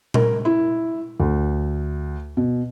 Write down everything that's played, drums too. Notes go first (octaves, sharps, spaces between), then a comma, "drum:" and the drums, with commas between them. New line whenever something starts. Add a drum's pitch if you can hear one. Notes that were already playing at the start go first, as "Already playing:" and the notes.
A#4, drum: tom A#2
E4
D2
B2